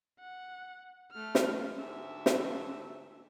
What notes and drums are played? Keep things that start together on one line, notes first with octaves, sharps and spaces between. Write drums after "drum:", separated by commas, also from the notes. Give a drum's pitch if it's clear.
F#5
A3 F6
drum: snare
D2 G#2 E5
drum: snare